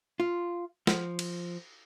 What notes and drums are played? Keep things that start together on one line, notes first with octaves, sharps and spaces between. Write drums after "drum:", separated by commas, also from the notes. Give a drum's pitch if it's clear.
F4
F3, drum: snare
drum: cymbal